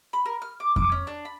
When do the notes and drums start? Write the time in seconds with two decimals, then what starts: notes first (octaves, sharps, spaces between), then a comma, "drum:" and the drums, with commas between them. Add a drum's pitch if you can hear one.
0.13 B5
0.26 A#4
0.42 F6
0.60 D6
0.76 D6, drum: kick F2
0.92 C#4
1.07 D4
1.25 B5